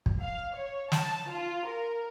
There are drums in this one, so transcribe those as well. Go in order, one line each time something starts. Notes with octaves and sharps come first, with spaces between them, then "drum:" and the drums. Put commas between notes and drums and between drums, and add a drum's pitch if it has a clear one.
drum: kick
F5
C#5
A5, drum: snare
F4
A#4